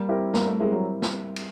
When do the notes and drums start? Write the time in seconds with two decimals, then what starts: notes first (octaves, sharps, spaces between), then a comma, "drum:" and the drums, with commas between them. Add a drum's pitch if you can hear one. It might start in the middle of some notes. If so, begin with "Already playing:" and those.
Already playing: G3 A#3
0.08 C4 E4 G4 A#4
0.34 G3 A#3, drum: snare
0.47 A3
0.59 G#3 C4 E4 G4 A#4
0.72 F#3
1.02 drum: snare
1.36 drum: cymbal